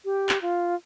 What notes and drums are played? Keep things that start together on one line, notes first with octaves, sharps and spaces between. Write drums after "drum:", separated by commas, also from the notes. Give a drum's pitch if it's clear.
G4
drum: clap
F4